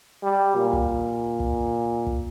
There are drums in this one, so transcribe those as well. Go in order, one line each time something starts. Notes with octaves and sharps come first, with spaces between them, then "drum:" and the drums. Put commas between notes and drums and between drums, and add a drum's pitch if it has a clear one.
G3
A#2
drum: kick
drum: kick
drum: kick